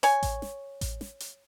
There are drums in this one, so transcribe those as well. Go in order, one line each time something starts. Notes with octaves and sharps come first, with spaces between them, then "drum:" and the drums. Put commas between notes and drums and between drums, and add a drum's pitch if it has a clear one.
C#5 G#5, drum: hi-hat
drum: kick A1, hi-hat
drum: snare
drum: kick A1, hi-hat
drum: snare
drum: hi-hat